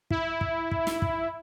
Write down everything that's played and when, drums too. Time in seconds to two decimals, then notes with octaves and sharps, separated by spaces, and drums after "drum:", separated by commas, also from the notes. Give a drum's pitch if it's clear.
0.11 E4, drum: kick
0.41 drum: kick
0.72 drum: kick
0.87 drum: snare
1.02 drum: kick